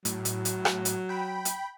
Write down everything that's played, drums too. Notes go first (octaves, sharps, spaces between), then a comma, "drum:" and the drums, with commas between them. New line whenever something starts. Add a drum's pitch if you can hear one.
A2 F#3, drum: hi-hat
drum: hi-hat
drum: hi-hat
drum: rim click
drum: hi-hat
G5 B5
drum: hi-hat